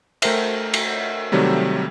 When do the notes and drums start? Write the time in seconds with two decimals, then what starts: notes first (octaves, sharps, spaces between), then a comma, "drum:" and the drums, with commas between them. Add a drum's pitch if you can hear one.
0.22 A3 A#4 C5 E5, drum: cymbal
0.74 drum: cymbal
1.32 C3 D#3 F#3 G3 A3